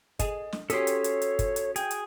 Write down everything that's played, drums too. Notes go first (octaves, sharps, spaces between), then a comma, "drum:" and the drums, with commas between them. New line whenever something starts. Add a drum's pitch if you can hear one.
G#4 D#5, drum: kick, hi-hat
drum: snare
C#4 F#4 G4 A4 C#5 C6 D#6 B6, drum: hi-hat
drum: hi-hat
drum: hi-hat
drum: hi-hat
drum: kick, hi-hat
drum: hi-hat
G#4 G5, drum: hi-hat
drum: hi-hat